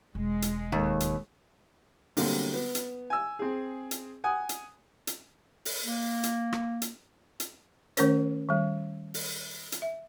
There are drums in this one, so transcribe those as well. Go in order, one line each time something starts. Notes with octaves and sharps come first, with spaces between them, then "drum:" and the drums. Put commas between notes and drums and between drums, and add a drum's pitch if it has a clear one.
E1 G#3
drum: hi-hat
D#2
drum: hi-hat
B2 D3 F#3 G3 A#3 C4, drum: open hi-hat
B3
drum: hi-hat
G#5 E6
C4 G#4
drum: hi-hat
F#5 G#5 D#6
drum: hi-hat
drum: hi-hat
drum: open hi-hat
A#3
drum: hi-hat
drum: rim click
drum: hi-hat
drum: hi-hat
D#3 A3 C#4 A#4 C5 C#5, drum: hi-hat
D#3 G3
drum: open hi-hat
drum: hi-hat
E5